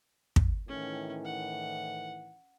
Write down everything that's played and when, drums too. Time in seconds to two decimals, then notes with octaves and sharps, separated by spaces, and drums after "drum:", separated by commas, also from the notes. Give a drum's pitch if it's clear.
0.36 drum: kick
0.68 A2 D#3 E3 C#4
1.25 F#5